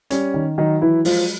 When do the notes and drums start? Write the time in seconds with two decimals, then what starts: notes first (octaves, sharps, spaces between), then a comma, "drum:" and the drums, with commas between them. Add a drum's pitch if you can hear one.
0.10 G3 C#4, drum: hi-hat
0.34 D#3
0.58 D#3 F#3 D#4
0.81 E3 F#3 E4
1.05 F3 G#3 F4, drum: open hi-hat